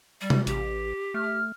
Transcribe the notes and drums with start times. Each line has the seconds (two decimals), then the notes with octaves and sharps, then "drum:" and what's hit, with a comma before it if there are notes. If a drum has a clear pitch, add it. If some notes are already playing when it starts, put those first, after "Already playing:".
0.21 G3
0.30 drum: tom
0.47 A1 G4, drum: hi-hat
1.14 A3 F6